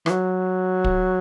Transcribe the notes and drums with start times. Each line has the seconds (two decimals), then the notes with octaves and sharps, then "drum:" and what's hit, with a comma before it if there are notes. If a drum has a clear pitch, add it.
0.06 E3, drum: rim click
0.10 F#3
0.84 drum: kick